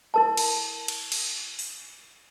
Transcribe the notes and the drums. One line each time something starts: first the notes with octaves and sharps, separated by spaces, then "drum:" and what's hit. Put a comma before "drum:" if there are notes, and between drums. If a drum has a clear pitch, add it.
E4 A#4 A5
drum: cymbal
drum: cymbal
drum: cymbal
drum: open hi-hat